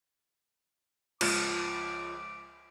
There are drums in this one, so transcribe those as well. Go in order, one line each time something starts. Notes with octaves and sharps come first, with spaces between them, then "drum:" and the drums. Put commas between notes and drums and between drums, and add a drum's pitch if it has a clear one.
C#2 F3 D6, drum: cymbal